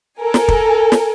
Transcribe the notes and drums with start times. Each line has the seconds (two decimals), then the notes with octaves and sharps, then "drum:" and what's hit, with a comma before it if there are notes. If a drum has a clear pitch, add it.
0.20 A4 A#4 G#5
0.34 drum: snare
0.48 drum: kick
0.92 drum: snare